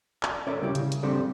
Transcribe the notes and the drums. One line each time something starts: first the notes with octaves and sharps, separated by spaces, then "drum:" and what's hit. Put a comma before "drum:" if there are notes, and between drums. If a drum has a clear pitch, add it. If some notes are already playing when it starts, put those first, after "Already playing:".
D5, drum: clap
C#4 A4 A#4 C#5 D5 E5
C#3 G3 E4 G4
C#3, drum: hi-hat
drum: hi-hat
C#3 G3 C4 D4 G4 A4